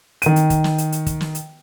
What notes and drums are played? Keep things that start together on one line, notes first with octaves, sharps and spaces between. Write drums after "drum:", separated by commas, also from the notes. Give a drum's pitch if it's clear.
D#3 D#7, drum: hi-hat
drum: hi-hat
drum: kick, hi-hat
drum: snare
drum: hi-hat
drum: hi-hat
drum: kick, hi-hat
drum: snare
drum: hi-hat